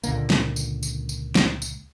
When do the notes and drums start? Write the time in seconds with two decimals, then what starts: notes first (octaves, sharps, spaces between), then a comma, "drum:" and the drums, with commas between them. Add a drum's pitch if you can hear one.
0.04 C#2 A#2 D3 A#3, drum: tambourine
0.30 drum: snare
0.56 drum: tambourine
0.83 drum: tambourine
1.09 drum: tambourine
1.35 drum: snare
1.62 drum: tambourine